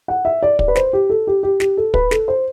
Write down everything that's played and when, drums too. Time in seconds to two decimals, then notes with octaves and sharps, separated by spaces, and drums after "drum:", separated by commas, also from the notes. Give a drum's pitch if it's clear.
0.08 F#5
0.25 E5
0.43 D5
0.59 D5, drum: kick
0.68 B4
0.75 C5, drum: snare
0.93 G4
1.10 A4
1.27 G4
1.43 G4
1.60 G4, drum: snare
1.77 A4
1.94 B4, drum: kick
2.11 A4, drum: snare
2.28 C5